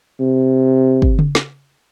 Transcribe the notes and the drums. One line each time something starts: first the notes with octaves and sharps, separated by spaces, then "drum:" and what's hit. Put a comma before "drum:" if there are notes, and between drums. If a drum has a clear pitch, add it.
C3
drum: kick
drum: tom C#3
drum: snare